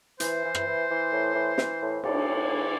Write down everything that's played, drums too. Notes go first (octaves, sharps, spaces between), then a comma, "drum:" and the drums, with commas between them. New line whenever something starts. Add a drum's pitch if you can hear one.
E3 C5, drum: hi-hat
E3
drum: rim click
E3
E3
A2
E3
E3, drum: snare
A2
A2 D5, drum: cymbal
A2
E3